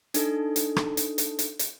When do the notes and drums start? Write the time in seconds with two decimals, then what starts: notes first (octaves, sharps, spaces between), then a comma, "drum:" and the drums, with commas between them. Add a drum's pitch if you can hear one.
0.14 D4 D#4 A4, drum: hi-hat
0.56 drum: hi-hat
0.76 drum: rim click
0.97 drum: hi-hat
1.18 drum: hi-hat
1.39 drum: hi-hat
1.59 drum: hi-hat